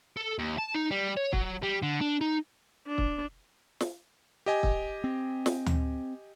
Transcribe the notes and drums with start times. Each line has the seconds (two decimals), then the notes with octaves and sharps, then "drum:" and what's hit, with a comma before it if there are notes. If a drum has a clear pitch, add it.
0.17 A4
0.39 D#2
0.58 A5
0.74 D#4
0.91 G3
1.17 C#5
1.33 F#3, drum: kick
1.63 G3
1.82 D3
2.01 D4
2.21 D#4
2.88 D4
2.98 drum: kick
3.81 drum: snare
4.46 G4 D#5 G#5
4.63 drum: kick
5.04 C4
5.46 drum: snare
5.66 drum: tom D2